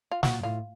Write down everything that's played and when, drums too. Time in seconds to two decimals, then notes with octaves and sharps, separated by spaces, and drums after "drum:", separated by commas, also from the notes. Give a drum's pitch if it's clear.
0.11 F4
0.23 A#2 F#4, drum: snare
0.40 F#2
0.43 A2 F4